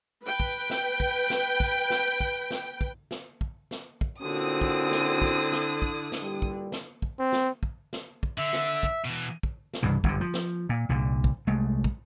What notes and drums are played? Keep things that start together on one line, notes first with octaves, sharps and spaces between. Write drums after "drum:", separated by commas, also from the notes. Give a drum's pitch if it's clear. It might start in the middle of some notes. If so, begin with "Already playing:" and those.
B4 G5
drum: kick
drum: snare
drum: kick
drum: snare
drum: kick
drum: snare
drum: kick
drum: snare
drum: kick
drum: snare
drum: kick
drum: snare
drum: kick
A#2 D3 C4 C#4 E4 F#4 D#6
drum: kick
drum: snare
drum: kick
drum: snare
drum: kick
drum: snare
G2 A#2 G3
drum: kick
drum: snare
drum: kick
C4
drum: snare
drum: kick
drum: snare
drum: kick
D3 E5
drum: snare
drum: kick
B2 E3
drum: kick
drum: snare
C2 G2 C#3 E3
G1 F#2 A#2 D3, drum: kick
F3
drum: snare
A#2
C2 A#2 D3
drum: kick
C2 G#3 A3
drum: kick